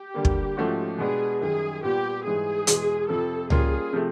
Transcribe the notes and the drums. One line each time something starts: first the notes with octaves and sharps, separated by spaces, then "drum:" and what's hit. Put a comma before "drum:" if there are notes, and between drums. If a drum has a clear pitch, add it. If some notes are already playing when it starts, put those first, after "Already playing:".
Already playing: G4
D3 G3 A#3
drum: kick
G#2 F3 A3 C#4 F#4
B2 G#3 B3 D4 G#4
F#2 D#3 G3 G#4
A#2 G3 B3 G4
G#2 E3 G3 G#4
E2 B2 G#3, drum: hi-hat
F2 C3 F3 A4
G3 A#3 C#4 F4 G#4, drum: tom C#2
C3 F3 A3